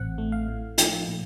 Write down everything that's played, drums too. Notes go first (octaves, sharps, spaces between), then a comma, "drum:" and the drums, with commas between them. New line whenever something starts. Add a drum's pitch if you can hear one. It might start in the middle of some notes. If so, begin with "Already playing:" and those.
Already playing: A1 C4 F#5
A3
F5
A2
F3, drum: hi-hat
A#2